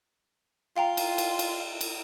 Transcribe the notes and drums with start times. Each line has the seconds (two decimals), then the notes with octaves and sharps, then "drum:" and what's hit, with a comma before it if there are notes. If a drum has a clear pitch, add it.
0.77 F4 F5 G5 A#5
0.97 drum: cymbal
1.18 drum: cymbal
1.39 drum: cymbal
1.81 drum: cymbal